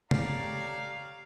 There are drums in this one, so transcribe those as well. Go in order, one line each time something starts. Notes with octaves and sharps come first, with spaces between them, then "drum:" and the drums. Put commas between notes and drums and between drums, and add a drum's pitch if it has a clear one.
A3 G4 C#5 D5 F5 A#5, drum: tom